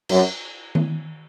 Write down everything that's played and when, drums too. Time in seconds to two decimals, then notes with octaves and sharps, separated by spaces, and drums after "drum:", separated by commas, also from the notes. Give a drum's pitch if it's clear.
0.09 F#2, drum: cymbal
0.75 drum: tom D#3